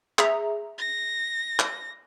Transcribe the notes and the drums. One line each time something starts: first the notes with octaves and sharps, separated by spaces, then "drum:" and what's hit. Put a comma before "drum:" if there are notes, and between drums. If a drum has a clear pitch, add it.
G#4 E5 A#5, drum: clap
A#6
drum: clap